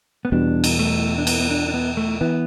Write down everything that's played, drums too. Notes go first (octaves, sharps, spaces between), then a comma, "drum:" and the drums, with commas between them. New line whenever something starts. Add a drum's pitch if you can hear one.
B3
E2 B2 G3 D4
drum: cymbal
A3
D4
B3, drum: cymbal
B3
D4
D4
B3
A3
E3 B3